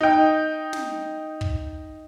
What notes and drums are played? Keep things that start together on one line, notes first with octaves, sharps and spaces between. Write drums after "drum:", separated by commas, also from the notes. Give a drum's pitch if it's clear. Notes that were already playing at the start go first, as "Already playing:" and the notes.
D#4 G5
drum: snare
drum: kick